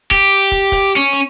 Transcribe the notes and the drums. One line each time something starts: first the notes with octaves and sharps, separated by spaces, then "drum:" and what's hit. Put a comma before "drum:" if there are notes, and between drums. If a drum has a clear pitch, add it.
G4, drum: kick
drum: kick
drum: kick, open hi-hat
C#4
drum: hi-hat